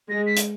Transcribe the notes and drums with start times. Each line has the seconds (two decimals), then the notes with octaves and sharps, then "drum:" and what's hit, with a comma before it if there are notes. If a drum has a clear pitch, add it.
0.09 G#3 A#6
0.26 B6
0.37 drum: hi-hat